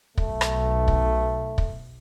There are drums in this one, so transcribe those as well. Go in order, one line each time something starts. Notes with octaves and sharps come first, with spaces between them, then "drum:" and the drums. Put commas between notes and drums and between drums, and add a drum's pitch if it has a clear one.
B1 A3, drum: kick
drum: rim click
drum: kick
drum: kick